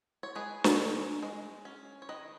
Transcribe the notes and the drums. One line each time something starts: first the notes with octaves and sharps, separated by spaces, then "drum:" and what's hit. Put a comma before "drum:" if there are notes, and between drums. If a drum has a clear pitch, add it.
C#5
G#3 G#4 B4
drum: snare
C#4
G#3
C#4
C#5
D#3 B4 D#5